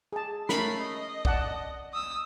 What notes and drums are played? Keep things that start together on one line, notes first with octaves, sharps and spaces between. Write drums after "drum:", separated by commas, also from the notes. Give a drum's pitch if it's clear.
G#4 A5
A3 C#4 A#4 B5 C7, drum: snare
D#5
D5 F#5 A5, drum: kick
D#6 E6